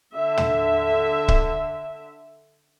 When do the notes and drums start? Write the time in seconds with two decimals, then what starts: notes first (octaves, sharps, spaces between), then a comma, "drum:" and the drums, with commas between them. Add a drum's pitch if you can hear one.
0.15 D3 E5
0.37 drum: tom
1.28 drum: kick C#1